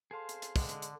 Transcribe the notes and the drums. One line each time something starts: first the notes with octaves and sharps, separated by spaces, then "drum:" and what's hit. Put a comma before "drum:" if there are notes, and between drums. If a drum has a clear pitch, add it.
G#4 A4 C5 F5 A5 C6
drum: hi-hat
drum: hi-hat
D3 G#3, drum: kick, open hi-hat
drum: hi-hat
drum: hi-hat